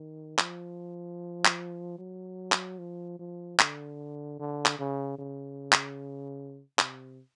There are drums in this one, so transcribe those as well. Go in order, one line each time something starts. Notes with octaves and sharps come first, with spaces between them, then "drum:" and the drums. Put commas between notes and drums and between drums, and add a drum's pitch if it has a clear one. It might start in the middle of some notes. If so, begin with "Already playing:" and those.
Already playing: D#3
F3, drum: clap
drum: clap
F#3
drum: clap
F3
F3
D3, drum: clap
D3
drum: clap
C#3
C#3
drum: clap
C3, drum: clap